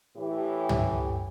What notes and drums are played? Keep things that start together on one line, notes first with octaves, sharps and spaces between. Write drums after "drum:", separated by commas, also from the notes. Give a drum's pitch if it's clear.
A2 E3 G4
drum: tom